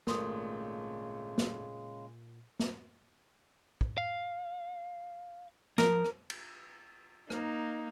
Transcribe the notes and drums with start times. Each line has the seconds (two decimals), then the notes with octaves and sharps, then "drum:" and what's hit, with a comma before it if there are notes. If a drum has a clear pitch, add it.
0.07 G#1 A#2 C#3 G#3 A3 A#4 C6 D#6, drum: snare
1.38 drum: snare
2.59 drum: snare
3.81 drum: kick
3.98 F5
5.78 F3 A#4, drum: snare
6.04 drum: rim click
6.30 drum: cymbal
7.30 A#3 D#4, drum: rim click